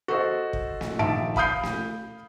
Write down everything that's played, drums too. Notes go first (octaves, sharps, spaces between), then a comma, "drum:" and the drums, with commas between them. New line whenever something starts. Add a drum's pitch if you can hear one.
F#4 A4 C5 D#5
drum: kick
drum: snare
A#1 D#3 E5 A5 D7
F5 B5 D#6 G6 C7, drum: kick
drum: snare